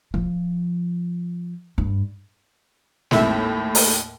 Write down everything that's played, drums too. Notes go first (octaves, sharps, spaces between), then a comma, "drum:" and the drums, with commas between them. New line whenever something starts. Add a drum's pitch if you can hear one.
F3, drum: kick
G2
G#1 D#2 A2 E4 E5, drum: snare
drum: open hi-hat